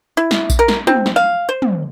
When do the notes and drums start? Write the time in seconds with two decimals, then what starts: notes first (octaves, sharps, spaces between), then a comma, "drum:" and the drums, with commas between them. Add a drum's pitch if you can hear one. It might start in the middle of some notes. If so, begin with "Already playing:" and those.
0.17 E4
0.31 drum: snare
0.50 drum: kick A#1, tambourine
0.59 A#4
0.68 drum: snare
0.87 C4, drum: tom
1.06 drum: snare
1.16 F5
1.49 C5
1.62 drum: tom